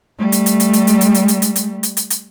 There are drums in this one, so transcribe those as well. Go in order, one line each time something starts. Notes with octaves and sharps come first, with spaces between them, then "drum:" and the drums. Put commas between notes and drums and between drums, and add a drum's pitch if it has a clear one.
G3 A3
drum: hi-hat
drum: hi-hat
drum: hi-hat
drum: hi-hat
drum: hi-hat
drum: hi-hat
drum: hi-hat
drum: hi-hat
drum: hi-hat
drum: hi-hat
drum: hi-hat
drum: hi-hat
drum: hi-hat